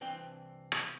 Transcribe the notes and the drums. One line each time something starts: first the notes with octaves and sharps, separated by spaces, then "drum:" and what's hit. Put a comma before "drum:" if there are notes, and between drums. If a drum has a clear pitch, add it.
C2 E3 C4 D4 G5
drum: rim click